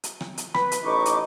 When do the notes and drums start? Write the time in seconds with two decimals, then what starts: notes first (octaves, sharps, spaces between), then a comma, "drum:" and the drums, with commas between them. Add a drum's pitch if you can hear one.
0.04 drum: hi-hat
0.21 drum: rim click
0.38 drum: hi-hat
0.55 B4 B5, drum: rim click
0.72 drum: hi-hat
0.84 A1 D#4 C#6 D6
1.06 drum: hi-hat